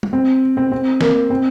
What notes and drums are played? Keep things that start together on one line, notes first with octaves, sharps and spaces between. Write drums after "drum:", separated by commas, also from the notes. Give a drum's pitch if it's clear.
drum: tom G3
C4
C4
C4
A#3, drum: snare
C4